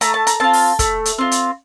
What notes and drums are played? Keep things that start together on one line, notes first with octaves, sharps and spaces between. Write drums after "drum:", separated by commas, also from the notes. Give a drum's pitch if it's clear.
A3 A#5, drum: hi-hat
A5
A#5, drum: hi-hat
C4 F4 A5
drum: open hi-hat
A3, drum: kick, hi-hat
drum: hi-hat
C4 F4
drum: hi-hat